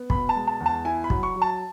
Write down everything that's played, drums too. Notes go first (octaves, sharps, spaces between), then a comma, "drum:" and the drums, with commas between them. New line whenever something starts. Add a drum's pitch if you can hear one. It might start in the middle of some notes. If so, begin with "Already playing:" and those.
Already playing: B3
B2 B5, drum: kick
A5
G#3
A5
E2
A5
E4 G#5
B5
F#3, drum: kick
C#6
F#3
A5